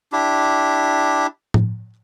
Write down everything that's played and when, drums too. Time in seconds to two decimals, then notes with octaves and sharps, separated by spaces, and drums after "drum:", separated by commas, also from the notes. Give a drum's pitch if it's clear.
0.12 D4 E4 G4
1.54 drum: tom A2